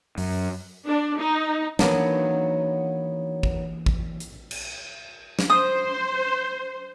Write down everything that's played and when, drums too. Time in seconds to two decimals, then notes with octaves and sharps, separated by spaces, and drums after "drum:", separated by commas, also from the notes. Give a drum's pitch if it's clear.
0.18 F#2, drum: open hi-hat
0.87 D4
1.19 D#4
1.79 D#3 E3 F#3 A#3 B3 D4, drum: snare
3.43 drum: kick G#1
3.86 drum: kick G#1
4.20 drum: hi-hat
4.51 drum: cymbal
5.39 drum: snare
5.50 C5 D#6